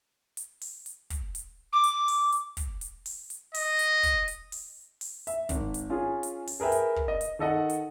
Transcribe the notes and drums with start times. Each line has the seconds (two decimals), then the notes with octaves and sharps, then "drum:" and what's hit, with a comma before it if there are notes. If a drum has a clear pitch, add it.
0.37 drum: hi-hat
0.61 drum: open hi-hat
0.86 drum: hi-hat
1.10 drum: kick, hi-hat
1.35 drum: hi-hat
1.73 D6
1.84 drum: hi-hat
2.08 drum: open hi-hat
2.32 drum: hi-hat
2.57 drum: kick, hi-hat
2.81 drum: hi-hat
3.06 drum: open hi-hat
3.30 drum: hi-hat
3.54 D#5, drum: open hi-hat
3.79 drum: hi-hat
4.03 drum: kick, hi-hat
4.28 drum: hi-hat
4.52 drum: open hi-hat
5.01 drum: open hi-hat
5.27 E5, drum: hi-hat
5.49 G#1, drum: kick, hi-hat
5.74 drum: hi-hat
5.90 C#4 F4 G#4
6.23 drum: hi-hat
6.47 drum: open hi-hat
6.60 G#4 A#4 B4 E5 G5
6.72 drum: hi-hat
6.96 drum: kick
7.08 D#5
7.21 drum: hi-hat
7.39 D#3 A4 D#5 F#5
7.70 drum: hi-hat